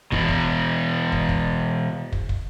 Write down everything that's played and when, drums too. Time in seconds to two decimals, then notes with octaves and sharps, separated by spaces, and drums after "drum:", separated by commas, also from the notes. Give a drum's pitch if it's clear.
0.12 B2 E3, drum: kick
0.29 drum: kick
1.12 drum: kick
1.29 drum: kick
2.12 drum: kick
2.29 drum: kick